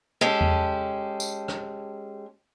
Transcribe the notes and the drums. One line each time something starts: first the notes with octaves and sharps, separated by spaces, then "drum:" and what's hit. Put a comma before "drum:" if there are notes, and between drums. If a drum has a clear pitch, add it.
G#3 C#4 G4 A4
drum: tom E2
drum: tambourine
drum: rim click